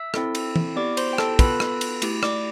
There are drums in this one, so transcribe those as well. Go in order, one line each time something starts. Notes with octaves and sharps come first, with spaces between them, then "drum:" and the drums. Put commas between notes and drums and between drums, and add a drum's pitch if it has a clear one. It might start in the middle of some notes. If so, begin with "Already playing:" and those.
Already playing: E5 E6
C4 E4 A4, drum: rim click
drum: cymbal
drum: tom
B3 E4 G4 D5 D6
C5 C6, drum: cymbal
G5
A4 A5, drum: rim click
B3 F4 A4 B4 B5, drum: kick, cymbal
drum: rim click
drum: cymbal
A3 E4 G4, drum: cymbal
D5 D6, drum: rim click